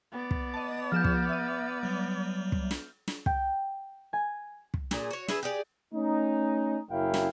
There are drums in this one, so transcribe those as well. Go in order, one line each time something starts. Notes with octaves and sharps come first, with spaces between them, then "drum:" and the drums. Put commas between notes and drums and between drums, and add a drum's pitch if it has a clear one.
B3 D5
drum: kick
D#5 A5
F3 G#4 F6 G6 E7
drum: kick
E5 D#7
F#3 G3
drum: kick
drum: snare
drum: snare
G5, drum: kick
G#5
drum: kick
A#2 G#4, drum: snare
F#4 C#5
G#4 B4 E5, drum: snare
G4 G#4 D5
A3 C#4 D#4
F#1 F#2 E4 F5 G5
drum: snare